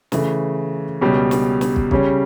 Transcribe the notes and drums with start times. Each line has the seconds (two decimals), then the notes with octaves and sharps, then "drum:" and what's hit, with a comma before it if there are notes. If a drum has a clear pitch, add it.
0.12 C#3 E3 A3, drum: snare
1.01 C#2 B2 G3 C#4
1.31 drum: snare
1.61 drum: snare
1.76 drum: kick
1.91 C#3 G3 C#4, drum: kick